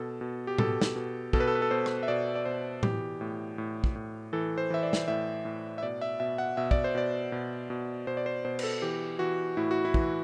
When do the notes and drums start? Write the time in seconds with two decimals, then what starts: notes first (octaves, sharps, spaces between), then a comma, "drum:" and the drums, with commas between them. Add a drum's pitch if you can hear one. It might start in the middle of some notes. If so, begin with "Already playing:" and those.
Already playing: B2 A4
0.21 B2
0.47 G4
0.58 B2 A4, drum: tom A2
0.81 drum: snare
0.96 B2
1.33 B2 A4, drum: kick
1.40 B4
1.47 A4
1.55 B4
1.62 A4
1.71 B2 C5
1.86 drum: rim click
2.03 E5
2.08 B2 D5
2.35 D5
2.45 B2 C5
2.83 E3 G4, drum: tom A2
3.21 A2
3.58 A2
3.84 drum: kick
3.96 A2
4.33 E3 A4
4.58 C5
4.70 E3 E5
4.83 D5
4.93 drum: snare
5.08 A2 E5
5.45 A2
5.78 E5
5.83 B2 D5
6.01 E5
6.20 B2 E5
6.38 F#5
6.57 B2 E5
6.71 D5, drum: kick
6.84 C5
6.95 B2 D5
7.32 B2
7.70 B2
8.07 B2 C5
8.17 D5
8.26 C5
8.45 B2 C5
8.59 B4, drum: cymbal
8.63 A4
8.82 E3 G4
9.19 E3 F#4
9.57 A2 E4
9.71 F#4
9.85 E4
9.94 E3, drum: kick